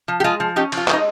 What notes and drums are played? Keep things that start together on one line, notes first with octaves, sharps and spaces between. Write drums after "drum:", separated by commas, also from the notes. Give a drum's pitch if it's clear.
F3
G4
G#3 F4 G#4
F3
C#4 D#4 G4
F3, drum: cymbal
F4
G#3, drum: clap
D#4